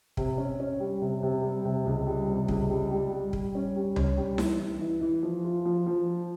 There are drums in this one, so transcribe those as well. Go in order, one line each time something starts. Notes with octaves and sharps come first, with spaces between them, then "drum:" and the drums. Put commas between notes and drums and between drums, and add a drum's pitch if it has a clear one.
C3, drum: kick
C#4
C#4
G3
C3
C3
G3
C3
C#2
G3
C3
C#2, drum: kick
G3
G3
G3
G3, drum: kick
C#4
G3
C#4, drum: tom C#2
G3
E3, drum: snare D#4
E3
E3
E3
F3
F4
F3
F3